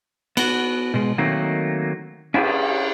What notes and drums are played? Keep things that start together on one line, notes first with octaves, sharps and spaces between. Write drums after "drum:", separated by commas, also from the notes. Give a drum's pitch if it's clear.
B3 F#4, drum: cymbal
B2 G#3
D#3 F#3 A3 A#3 C4 D#4
C#4 D4 E4 G4 G#4, drum: cymbal